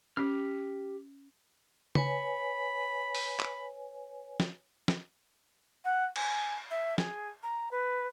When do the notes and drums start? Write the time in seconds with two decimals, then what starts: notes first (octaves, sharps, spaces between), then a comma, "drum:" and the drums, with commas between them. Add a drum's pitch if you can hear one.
0.17 C#4 G4 F6
1.95 B4 C#5 G#5 B5, drum: tom
3.15 drum: open hi-hat
3.39 drum: clap
4.40 drum: snare
4.88 drum: snare
5.84 F#5
6.16 G#5, drum: cymbal
6.70 E5
6.98 G#4, drum: snare
7.43 A#5
7.71 B4